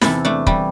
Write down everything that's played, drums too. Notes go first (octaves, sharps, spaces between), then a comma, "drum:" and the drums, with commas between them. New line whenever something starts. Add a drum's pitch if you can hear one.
E2 C3 E3 E4 A4, drum: snare
A3 D4
E3 G3, drum: kick